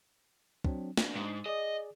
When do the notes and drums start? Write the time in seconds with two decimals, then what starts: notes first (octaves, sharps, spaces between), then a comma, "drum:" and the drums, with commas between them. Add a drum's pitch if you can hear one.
0.64 F#3 C4 D4, drum: kick
0.97 D4, drum: snare
1.16 G#2
1.46 G#4 D5 D#5